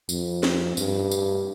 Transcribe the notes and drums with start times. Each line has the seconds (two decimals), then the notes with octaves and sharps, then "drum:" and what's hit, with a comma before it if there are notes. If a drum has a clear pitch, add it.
0.09 F2, drum: tambourine
0.43 drum: snare
0.77 G2, drum: tambourine
1.11 drum: tambourine